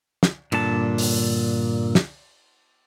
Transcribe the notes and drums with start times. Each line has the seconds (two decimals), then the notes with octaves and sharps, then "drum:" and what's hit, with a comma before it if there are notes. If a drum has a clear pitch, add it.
0.23 drum: snare
0.52 G2 A#2 D3 A5, drum: cymbal
0.98 drum: open hi-hat
1.95 drum: snare